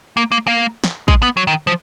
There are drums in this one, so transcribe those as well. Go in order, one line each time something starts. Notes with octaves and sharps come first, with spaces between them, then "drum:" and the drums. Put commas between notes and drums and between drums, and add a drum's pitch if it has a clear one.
A#3
A#3
A#3
drum: snare
G#3, drum: kick
B3
F#3
D#3
F3